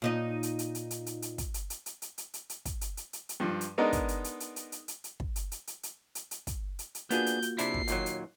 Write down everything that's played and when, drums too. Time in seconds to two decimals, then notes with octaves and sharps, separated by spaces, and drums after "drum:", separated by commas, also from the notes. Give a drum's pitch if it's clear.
0.02 A#2 D#4 D#5
0.43 drum: hi-hat
0.59 drum: hi-hat
0.75 drum: hi-hat
0.91 drum: hi-hat
1.06 drum: hi-hat
1.22 drum: hi-hat
1.38 drum: kick, hi-hat
1.54 drum: hi-hat
1.70 drum: hi-hat
1.86 drum: hi-hat
2.02 drum: hi-hat
2.18 drum: hi-hat
2.34 drum: hi-hat
2.49 drum: hi-hat
2.65 drum: kick, hi-hat
2.81 drum: hi-hat
2.97 drum: hi-hat
3.13 drum: hi-hat
3.29 drum: hi-hat
3.40 G2 F3
3.61 drum: hi-hat
3.78 G#3 B3 D4 D#4 A#4
3.93 drum: kick, hi-hat
4.08 drum: hi-hat
4.24 drum: hi-hat
4.40 drum: hi-hat
4.56 drum: hi-hat
4.72 drum: hi-hat
4.88 drum: hi-hat
5.04 drum: hi-hat
5.20 drum: kick
5.36 drum: hi-hat
5.52 drum: hi-hat
5.67 drum: hi-hat
5.83 drum: hi-hat
6.15 drum: hi-hat
6.31 drum: hi-hat
6.47 drum: kick, hi-hat
6.79 drum: hi-hat
6.95 drum: hi-hat
7.11 A#3 B3 D4 F4 F#4 G#4 G6, drum: hi-hat
7.26 drum: hi-hat
7.42 drum: hi-hat
7.58 C3 D4 E4 C7, drum: hi-hat
7.74 drum: kick
7.88 D#2 A#2 F#3, drum: hi-hat
8.06 drum: hi-hat